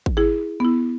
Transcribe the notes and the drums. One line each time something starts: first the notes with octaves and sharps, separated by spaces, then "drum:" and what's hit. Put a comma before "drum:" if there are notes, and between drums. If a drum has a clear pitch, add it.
drum: kick G#1
E4 G#4
B3 E4